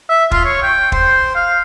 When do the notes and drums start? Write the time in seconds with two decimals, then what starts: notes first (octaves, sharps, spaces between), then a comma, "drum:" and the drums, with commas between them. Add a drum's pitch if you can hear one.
0.09 E5
0.31 F4, drum: kick
0.45 C#5
0.62 G5
0.92 C5, drum: kick
1.35 F5